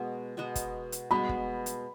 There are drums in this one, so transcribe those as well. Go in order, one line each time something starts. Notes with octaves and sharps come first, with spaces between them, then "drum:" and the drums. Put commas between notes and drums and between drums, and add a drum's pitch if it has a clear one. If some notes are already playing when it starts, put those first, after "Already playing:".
Already playing: B2 G#3 B3 F#4
B2 G#3 B3 F#4
drum: kick, hi-hat
drum: hi-hat
B2 G#3 B3 F#4 B5
drum: kick
drum: hi-hat